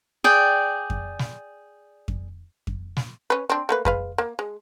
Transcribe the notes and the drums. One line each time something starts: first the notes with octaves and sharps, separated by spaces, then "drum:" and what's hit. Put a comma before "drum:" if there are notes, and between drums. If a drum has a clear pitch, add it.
G#4 D5 G5
drum: kick F2
drum: snare
drum: kick F2
drum: kick F2
drum: snare
C#4 B4
C4 D4
A3 A#3 B4
G#3 B4 F5, drum: kick F2
A#3
G#3